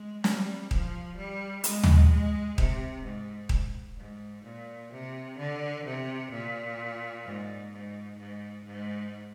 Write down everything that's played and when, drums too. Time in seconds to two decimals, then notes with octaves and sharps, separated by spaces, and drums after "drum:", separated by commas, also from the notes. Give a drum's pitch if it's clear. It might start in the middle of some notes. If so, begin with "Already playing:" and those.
Already playing: G#3
0.24 G3, drum: snare
0.71 F3, drum: kick D#1
1.17 G3
1.64 G#3, drum: hi-hat
1.83 drum: tom
2.10 G#3
2.58 C3, drum: kick D#1
3.04 G#2
3.49 drum: kick D#1
3.98 G#2
4.44 A#2
4.92 C3
5.38 D3
5.86 C3
6.32 A#2
7.25 G#2
7.73 G#2
8.19 G#2
8.65 G#2